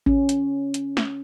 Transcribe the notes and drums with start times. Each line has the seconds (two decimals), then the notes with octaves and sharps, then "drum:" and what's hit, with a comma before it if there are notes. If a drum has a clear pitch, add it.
0.06 C#4, drum: kick G#1
0.29 drum: hi-hat
0.74 drum: hi-hat
0.97 drum: snare